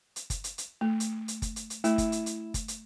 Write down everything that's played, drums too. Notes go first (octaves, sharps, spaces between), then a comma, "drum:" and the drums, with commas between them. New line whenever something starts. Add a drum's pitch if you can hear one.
drum: hi-hat
drum: kick, hi-hat
drum: hi-hat
drum: hi-hat
A3
drum: hi-hat
drum: hi-hat
drum: kick, hi-hat
drum: hi-hat
drum: hi-hat
A3 E4, drum: hi-hat
drum: kick, hi-hat
drum: hi-hat
drum: hi-hat
drum: kick, hi-hat
drum: hi-hat